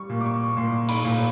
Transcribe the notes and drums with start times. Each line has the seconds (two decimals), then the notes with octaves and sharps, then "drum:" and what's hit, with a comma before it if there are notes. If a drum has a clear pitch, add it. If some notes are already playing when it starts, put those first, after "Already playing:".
Already playing: G3 C#6
0.09 A#2
0.21 D6
0.26 C#6
0.57 A#2 C6
0.89 B5, drum: cymbal
1.04 A#2